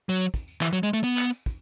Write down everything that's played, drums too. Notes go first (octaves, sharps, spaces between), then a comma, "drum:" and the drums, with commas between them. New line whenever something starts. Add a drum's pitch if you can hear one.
F#3
drum: tambourine
drum: kick, tambourine
drum: tambourine
E3, drum: clap
F#3
G#3
A3
B3, drum: tambourine
drum: clap
drum: tambourine
drum: kick, tambourine